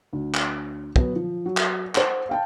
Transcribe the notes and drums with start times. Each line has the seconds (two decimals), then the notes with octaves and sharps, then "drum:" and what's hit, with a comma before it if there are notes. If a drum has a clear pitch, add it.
0.13 D2
0.34 drum: clap
0.96 F#3 B3, drum: kick
1.16 F3
1.46 F#3
1.57 drum: clap
1.95 C5 F#5, drum: clap
2.29 F5 G5 A5